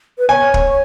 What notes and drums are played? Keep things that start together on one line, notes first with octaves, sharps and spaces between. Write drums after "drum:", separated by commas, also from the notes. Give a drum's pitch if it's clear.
B4
C#5 G#5
drum: kick